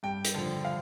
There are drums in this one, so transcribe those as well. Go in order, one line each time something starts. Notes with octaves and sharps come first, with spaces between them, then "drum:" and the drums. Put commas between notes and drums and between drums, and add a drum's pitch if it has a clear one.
G2 G5
drum: hi-hat
D3 F3
F5